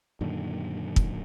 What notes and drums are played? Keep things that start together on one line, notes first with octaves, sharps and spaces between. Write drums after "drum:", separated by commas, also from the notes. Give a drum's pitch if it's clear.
F#2 A#2 D3 D#3
drum: kick